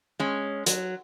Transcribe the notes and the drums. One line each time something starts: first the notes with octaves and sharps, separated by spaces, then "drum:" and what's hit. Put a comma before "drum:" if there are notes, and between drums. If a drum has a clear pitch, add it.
G#3 C#4
F#3, drum: hi-hat